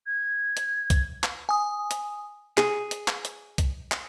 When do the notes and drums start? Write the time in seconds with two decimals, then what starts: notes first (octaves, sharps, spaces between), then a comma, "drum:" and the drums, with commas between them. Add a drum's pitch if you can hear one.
0.07 G#6
0.57 drum: hi-hat
0.90 drum: kick C2, hi-hat
1.24 drum: clap
1.49 G#5 D#6
1.91 drum: hi-hat
2.58 G#4, drum: clap
2.91 drum: hi-hat
3.08 drum: clap
3.25 drum: hi-hat
3.58 drum: kick C2, hi-hat
3.92 drum: clap